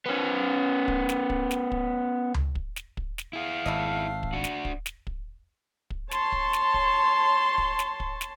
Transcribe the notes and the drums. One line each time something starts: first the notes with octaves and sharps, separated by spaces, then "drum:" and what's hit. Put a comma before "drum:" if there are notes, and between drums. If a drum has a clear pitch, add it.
B3 C#4
drum: kick
drum: snare
drum: kick
drum: snare
drum: kick
drum: tom C#2
drum: kick
drum: snare
drum: kick
drum: snare
E4 G#4 F5
G#1 G3 A3 D#5
drum: kick
D4 F#4
drum: snare
drum: kick
drum: snare
drum: kick
drum: kick
C#5 A5 C6, drum: snare
drum: kick
drum: snare
drum: kick
drum: kick
drum: snare
drum: kick
drum: snare